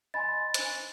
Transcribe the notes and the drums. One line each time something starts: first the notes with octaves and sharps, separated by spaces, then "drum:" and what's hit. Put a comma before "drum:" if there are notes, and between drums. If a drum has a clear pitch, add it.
D#5 G#5 B5 C6 A6
D4 C5, drum: hi-hat